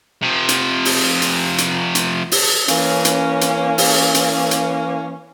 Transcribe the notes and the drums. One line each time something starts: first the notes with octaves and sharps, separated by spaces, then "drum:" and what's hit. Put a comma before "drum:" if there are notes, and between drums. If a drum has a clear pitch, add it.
C3 F3
drum: hi-hat
drum: open hi-hat
drum: hi-hat
drum: hi-hat
drum: hi-hat
drum: open hi-hat
E3 A#3 C#4, drum: hi-hat
drum: hi-hat
drum: hi-hat
drum: open hi-hat
drum: hi-hat
drum: hi-hat